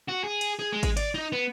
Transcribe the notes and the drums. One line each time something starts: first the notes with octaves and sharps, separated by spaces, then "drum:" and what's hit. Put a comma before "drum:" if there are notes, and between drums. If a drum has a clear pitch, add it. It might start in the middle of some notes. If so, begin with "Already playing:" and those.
F#4
G#4
drum: cymbal
G#4
G#3
drum: kick G#1, cymbal
D5, drum: cymbal
D#4
B3